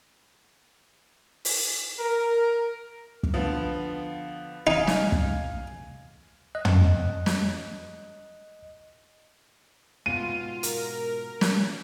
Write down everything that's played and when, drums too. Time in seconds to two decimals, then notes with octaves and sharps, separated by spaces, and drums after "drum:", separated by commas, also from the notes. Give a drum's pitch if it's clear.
1.45 drum: open hi-hat
1.99 A#4
3.23 drum: kick
3.34 D3 F3 B3
4.67 D#4 F5 G#5
4.87 drum: snare
5.12 drum: kick
6.55 D#5 F#6
6.65 drum: tom
7.26 drum: snare
10.06 G#2 B2 F4 D#7
10.63 A#4, drum: hi-hat
11.41 drum: snare